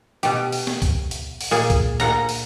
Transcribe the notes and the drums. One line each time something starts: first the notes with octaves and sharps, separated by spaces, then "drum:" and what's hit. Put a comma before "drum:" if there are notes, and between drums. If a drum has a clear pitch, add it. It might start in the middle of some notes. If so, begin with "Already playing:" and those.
B2 G4, drum: hi-hat
drum: open hi-hat
drum: snare
drum: kick C2, hi-hat
drum: hi-hat
drum: open hi-hat
A#2 G#4
drum: kick C2, hi-hat
A#2 F#5 A#5, drum: hi-hat
drum: open hi-hat